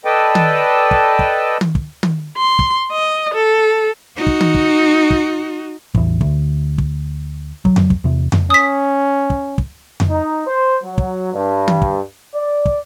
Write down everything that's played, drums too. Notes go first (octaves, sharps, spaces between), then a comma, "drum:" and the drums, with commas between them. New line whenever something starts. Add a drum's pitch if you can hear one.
A4 B4 D5 D#5 G5 A5
drum: tom D#3
drum: kick
drum: kick
drum: tom D#3
drum: kick
drum: tom D#3
C6
drum: kick
D#5
A4
D#4 F#4
drum: kick
drum: tom D#3
drum: kick
drum: kick
A1 E2, drum: kick
D2, drum: kick
drum: kick
F#3, drum: kick
drum: tom F2
drum: kick
E2 C3
drum: tom F2
C#4 D#6 B6
drum: kick
drum: kick
drum: tom F2
D#4
C5
F#3
drum: kick
G2
drum: tom D#3
drum: kick
D5
drum: kick